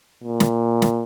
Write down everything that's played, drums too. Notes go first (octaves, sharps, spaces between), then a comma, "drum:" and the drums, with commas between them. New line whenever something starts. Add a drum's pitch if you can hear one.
A#2
drum: snare
drum: snare